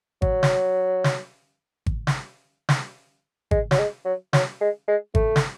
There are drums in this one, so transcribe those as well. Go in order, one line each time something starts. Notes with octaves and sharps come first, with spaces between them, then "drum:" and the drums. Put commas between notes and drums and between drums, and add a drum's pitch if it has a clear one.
F#3, drum: kick G#1
drum: snare
drum: snare
drum: kick G#1
drum: snare
drum: snare
G#3, drum: kick G#1
F#3, drum: snare
G#3
F#3
F#3, drum: snare
G#3
G#3
A3, drum: kick G#1
drum: snare